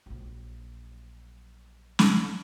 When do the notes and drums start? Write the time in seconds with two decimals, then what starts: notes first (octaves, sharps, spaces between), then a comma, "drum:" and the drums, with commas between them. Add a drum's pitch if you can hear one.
0.06 A#1 F#3
1.99 drum: snare